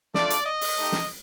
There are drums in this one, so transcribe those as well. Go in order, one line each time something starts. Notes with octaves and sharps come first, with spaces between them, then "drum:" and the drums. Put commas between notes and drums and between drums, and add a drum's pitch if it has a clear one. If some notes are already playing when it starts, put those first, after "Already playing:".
A3 D4 F4 D5, drum: snare
drum: hi-hat
D#5
drum: open hi-hat
A3 D#4 G4
drum: snare